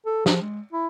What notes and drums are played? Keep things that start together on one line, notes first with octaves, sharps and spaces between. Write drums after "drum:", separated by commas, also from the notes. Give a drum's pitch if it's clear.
A4
F3, drum: snare
G#3
E4